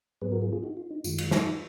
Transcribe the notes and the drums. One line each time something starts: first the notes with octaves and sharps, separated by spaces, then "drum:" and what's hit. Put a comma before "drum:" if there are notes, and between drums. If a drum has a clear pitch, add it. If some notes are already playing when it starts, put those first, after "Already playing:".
G#2 F#3 B3 G#4 B4
F#4 A#4
F4 G#4
F4 G#4
D#4 F#4
F4
D#4
F#2 D#3 G#3 F4, drum: tambourine
F4, drum: cymbal
D#4 F#4, drum: snare